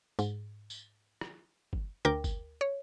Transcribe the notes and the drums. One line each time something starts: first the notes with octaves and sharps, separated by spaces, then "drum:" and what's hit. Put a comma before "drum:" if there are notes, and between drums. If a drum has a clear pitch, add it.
G#2, drum: tambourine
drum: tambourine
drum: rim click
drum: kick G1
D2 A#4 G5 D6
drum: kick G1, tambourine
C#5